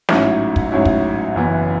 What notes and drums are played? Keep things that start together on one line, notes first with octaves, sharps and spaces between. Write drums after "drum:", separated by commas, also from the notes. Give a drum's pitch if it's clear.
A1 G#2 F#3 C#4 E4, drum: snare
drum: kick
A1 G#2 F#3 C#4 E4
drum: kick
F#1 F#2 E3 B3